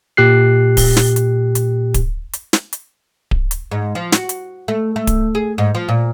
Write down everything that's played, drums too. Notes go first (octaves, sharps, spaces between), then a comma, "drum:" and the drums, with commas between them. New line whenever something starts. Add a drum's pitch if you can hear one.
A#2 G4 F#6 C7
drum: kick D1, open hi-hat
drum: snare
drum: hi-hat
drum: hi-hat
drum: kick D1, hi-hat
drum: hi-hat
drum: snare
drum: hi-hat
drum: kick D1
drum: hi-hat
G#2
F3
F#4, drum: snare
drum: hi-hat
A3
A3
drum: kick D1, hi-hat
G#4
G#2
F3
A#2